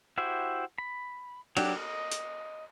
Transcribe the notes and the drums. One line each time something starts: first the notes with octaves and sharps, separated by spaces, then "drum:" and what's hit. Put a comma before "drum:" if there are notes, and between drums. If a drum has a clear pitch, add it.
E4 F#4 G4 C5 E5
B5
F#3 D4 G4, drum: cymbal
D#5
drum: hi-hat